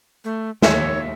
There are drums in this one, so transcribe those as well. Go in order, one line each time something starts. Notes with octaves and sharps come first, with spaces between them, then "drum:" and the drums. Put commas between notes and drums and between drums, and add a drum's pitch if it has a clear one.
A3
D#2 C#5 E5, drum: snare